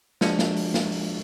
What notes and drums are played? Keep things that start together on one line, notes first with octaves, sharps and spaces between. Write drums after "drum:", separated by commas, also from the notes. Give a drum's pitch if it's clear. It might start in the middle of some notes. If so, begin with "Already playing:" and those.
F3 G#3 D4 F#4, drum: snare
drum: snare
drum: open hi-hat
drum: snare
drum: open hi-hat